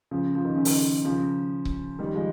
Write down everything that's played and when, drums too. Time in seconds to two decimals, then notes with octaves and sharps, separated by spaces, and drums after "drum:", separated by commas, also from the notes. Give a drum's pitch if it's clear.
0.11 C#3 F3
0.35 F3
0.44 D#3
0.55 C#3
0.65 D#3, drum: open hi-hat
1.05 C#3 F3
1.65 drum: kick C#1
1.99 D#3 G3
2.14 F3 G#3